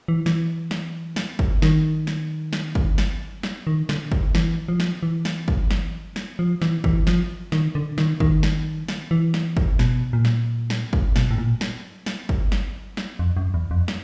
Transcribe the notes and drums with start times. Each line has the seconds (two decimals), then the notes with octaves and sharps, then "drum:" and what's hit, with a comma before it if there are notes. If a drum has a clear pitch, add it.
0.08 E3
0.26 E3, drum: snare
0.71 drum: snare
1.16 drum: snare
1.39 drum: kick
1.62 D#3, drum: snare
2.07 drum: snare
2.53 drum: snare
2.75 drum: kick
2.98 drum: snare
3.43 drum: snare
3.67 D#3
3.89 D3, drum: snare
4.12 drum: kick
4.35 E3, drum: snare
4.68 F3
4.80 drum: snare
5.03 E3
5.25 drum: snare
5.48 drum: kick
5.71 drum: snare
6.16 drum: snare
6.39 F3
6.62 E3, drum: snare
6.84 E3, drum: kick
7.07 F3, drum: snare
7.52 D#3, drum: snare
7.75 D3
7.98 D#3, drum: snare
8.20 D#3, drum: kick
8.43 drum: snare
8.88 drum: snare
9.11 E3
9.34 drum: snare
9.57 drum: kick
9.79 B2, drum: snare
10.13 A#2
10.25 drum: snare
10.70 drum: snare
10.93 drum: kick
11.16 B2, drum: snare
11.31 A2
11.38 A#2
11.61 drum: snare
12.06 drum: snare
12.29 drum: kick
12.52 drum: snare
12.97 drum: snare
13.19 F2
13.37 F#2
13.54 E2
13.71 F2
13.88 drum: snare